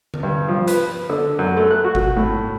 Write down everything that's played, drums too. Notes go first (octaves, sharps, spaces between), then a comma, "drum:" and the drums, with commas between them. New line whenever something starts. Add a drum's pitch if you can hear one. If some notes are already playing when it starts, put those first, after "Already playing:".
drum: tom D3
G2
F3
B4, drum: hi-hat
D3
F#2
A3
F#6
F#4
drum: kick G#1
A2